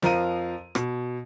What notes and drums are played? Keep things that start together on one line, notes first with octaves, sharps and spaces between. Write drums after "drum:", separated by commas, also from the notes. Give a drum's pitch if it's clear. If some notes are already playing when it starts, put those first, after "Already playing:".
F2 F3 A#4 F5 A#5 D#7, drum: snare
B2, drum: rim click